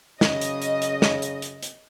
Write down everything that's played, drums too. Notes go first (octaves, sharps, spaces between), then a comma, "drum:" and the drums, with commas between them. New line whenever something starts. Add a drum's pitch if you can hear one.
F#2 C#3 D#5, drum: snare
drum: hi-hat
drum: hi-hat
drum: hi-hat
drum: snare
drum: hi-hat
drum: hi-hat
drum: hi-hat